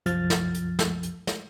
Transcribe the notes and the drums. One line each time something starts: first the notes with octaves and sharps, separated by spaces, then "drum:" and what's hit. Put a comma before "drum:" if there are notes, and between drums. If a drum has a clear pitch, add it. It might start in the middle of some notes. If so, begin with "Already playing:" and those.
C2 F#2 F3 F6 A6, drum: hi-hat
drum: snare
drum: hi-hat
drum: snare
drum: hi-hat
drum: snare